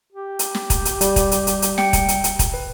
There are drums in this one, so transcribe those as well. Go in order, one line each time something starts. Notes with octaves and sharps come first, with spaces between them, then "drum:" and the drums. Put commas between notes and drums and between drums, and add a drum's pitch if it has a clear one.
G4
drum: hi-hat
drum: snare
drum: kick, hi-hat
drum: hi-hat
G3, drum: hi-hat
drum: kick, hi-hat
drum: hi-hat
drum: hi-hat
drum: hi-hat
G5 C#7, drum: snare
drum: kick, hi-hat
drum: hi-hat
drum: hi-hat
drum: kick, hi-hat
B4